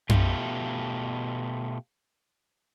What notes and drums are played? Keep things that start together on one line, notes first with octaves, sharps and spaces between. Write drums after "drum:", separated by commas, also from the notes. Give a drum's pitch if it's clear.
B2 A3 F4 G4, drum: tom F#2